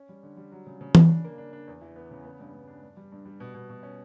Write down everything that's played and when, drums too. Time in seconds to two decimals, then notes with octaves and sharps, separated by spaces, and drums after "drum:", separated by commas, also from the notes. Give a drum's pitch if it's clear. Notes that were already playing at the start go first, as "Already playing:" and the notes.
Already playing: C#4
0.09 G3
0.23 D3
0.37 G3
0.52 F#3
0.66 C#3
0.81 C#3
0.95 C#3, drum: tom E3
1.09 D4
1.24 A#3
1.38 D4
1.53 D4
1.67 E2
1.81 E3
1.96 B3
2.11 C#3
2.25 B3
2.40 G2
2.54 G2
2.68 D4
2.82 G2
2.97 G3
3.12 G2
3.25 G3
3.40 B2
3.55 B2
3.70 B2
3.83 C#4